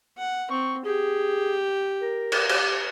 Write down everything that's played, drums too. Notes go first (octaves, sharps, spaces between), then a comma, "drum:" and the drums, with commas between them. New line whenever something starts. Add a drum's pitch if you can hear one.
F#5
C4 C#6
G4 G#4
A#4
drum: cymbal
G4, drum: cymbal